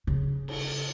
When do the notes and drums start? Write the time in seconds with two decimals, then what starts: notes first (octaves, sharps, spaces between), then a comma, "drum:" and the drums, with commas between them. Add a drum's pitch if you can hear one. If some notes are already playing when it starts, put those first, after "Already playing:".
0.07 C#3
0.48 drum: cymbal